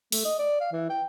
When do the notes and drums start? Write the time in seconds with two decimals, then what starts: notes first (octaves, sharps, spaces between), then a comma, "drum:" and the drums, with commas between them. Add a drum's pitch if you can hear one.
0.12 A3, drum: open hi-hat
0.25 D#5
0.39 D5
0.60 F5
0.72 E3
0.90 G5